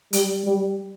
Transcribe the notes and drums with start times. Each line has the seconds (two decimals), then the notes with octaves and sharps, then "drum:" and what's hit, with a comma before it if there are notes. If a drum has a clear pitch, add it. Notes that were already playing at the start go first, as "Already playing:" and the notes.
0.13 G3, drum: hi-hat
0.45 G3